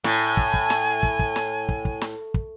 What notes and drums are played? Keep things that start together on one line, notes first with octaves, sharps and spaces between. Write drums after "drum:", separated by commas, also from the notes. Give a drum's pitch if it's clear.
A2 G#5, drum: snare
drum: kick
drum: kick
drum: snare
drum: kick
drum: kick
drum: snare
drum: kick
drum: kick
drum: snare
drum: kick